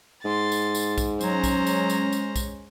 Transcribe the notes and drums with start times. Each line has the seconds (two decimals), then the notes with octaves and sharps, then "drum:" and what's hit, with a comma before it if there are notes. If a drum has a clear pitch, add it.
0.25 G#2 C6 A6
0.52 drum: tambourine
0.75 drum: tambourine
0.98 drum: kick B1, tambourine
1.21 F#3 G#3 C#4 C5 A#5, drum: tambourine
1.44 drum: kick B1, tambourine
1.67 drum: tambourine
1.90 drum: tambourine
2.13 drum: tambourine
2.36 drum: kick B1, tambourine